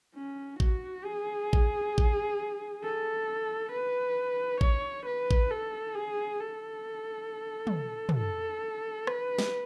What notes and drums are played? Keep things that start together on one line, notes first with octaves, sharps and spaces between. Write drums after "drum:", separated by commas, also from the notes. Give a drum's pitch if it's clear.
C#4
F#4, drum: kick A1
G#4
drum: kick A1
drum: kick A1
A4
B4
C#5, drum: kick A1
B4
drum: kick A1
A4
G#4
A4
drum: tom
drum: tom
A4
B4, drum: rim click
drum: snare